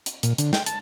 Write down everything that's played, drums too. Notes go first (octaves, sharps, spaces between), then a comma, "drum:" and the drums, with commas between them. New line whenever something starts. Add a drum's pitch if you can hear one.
drum: hi-hat
A#2, drum: hi-hat
D3, drum: hi-hat
G5, drum: snare
A5, drum: hi-hat